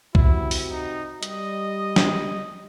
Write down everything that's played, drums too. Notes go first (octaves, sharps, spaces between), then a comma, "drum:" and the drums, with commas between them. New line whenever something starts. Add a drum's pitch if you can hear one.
C3 E4 F#4, drum: kick
drum: open hi-hat
D#4
G3 D#5, drum: hi-hat
drum: snare